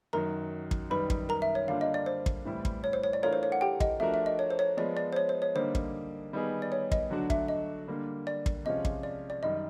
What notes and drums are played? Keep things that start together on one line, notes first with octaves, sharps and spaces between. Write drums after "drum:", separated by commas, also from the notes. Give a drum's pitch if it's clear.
F#2 D#3 F#3 A#4 A#5
drum: kick
F#2 D#3 G3 B4 B5
drum: kick
A#4 A#5
E5
C#5
D3 G3 A#3 D4 F4 F5
D#5
D5
C5
drum: kick
A2 E3 G3 C4 E4
drum: kick
C#5
C5
C#5
D5
E3 A3 D4 F4 A#4 C#5
C5
C#5
F#5
G4 G5
D#5, drum: kick
F3 A3 D4 F#4 A#4 E5
E5
D#5
C#5
C5
C#5
F3 G#3 B3 D5
D5
C5
C#5
C5
C#5
D3 G3 A#3 D#4 C5
drum: kick
D#3 G3 B3 D#4 G#4
D5
C#5
D#5, drum: kick
D3 F#3 A3 D4 F#4
E5, drum: kick
D#5
D3 G3 A#3
D5
drum: kick
C3 F3 G#3 C#4 F4 D#5
drum: kick
D5
D5
F#2 D#3 G3 D#5